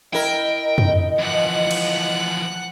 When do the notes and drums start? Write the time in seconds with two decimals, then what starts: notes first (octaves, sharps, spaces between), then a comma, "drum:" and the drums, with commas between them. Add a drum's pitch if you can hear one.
0.13 E4 A#4 D#5 G5
0.78 drum: tom F2
1.19 E3 F3 F#5 F#6
1.71 drum: cymbal